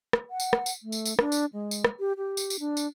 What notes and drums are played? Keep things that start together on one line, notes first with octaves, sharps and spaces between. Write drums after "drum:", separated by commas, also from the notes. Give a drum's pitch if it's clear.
drum: rim click
F#5
drum: tambourine
drum: rim click
drum: tambourine
A3
drum: tambourine
drum: tambourine
D4, drum: rim click
drum: tambourine
G#3
drum: tambourine
drum: rim click
G4
G4
drum: tambourine
drum: tambourine
D4
drum: tambourine